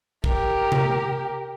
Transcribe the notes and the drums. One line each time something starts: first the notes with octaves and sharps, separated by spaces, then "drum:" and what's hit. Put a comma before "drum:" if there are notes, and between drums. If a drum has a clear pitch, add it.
G4 A#4, drum: kick
drum: tom C3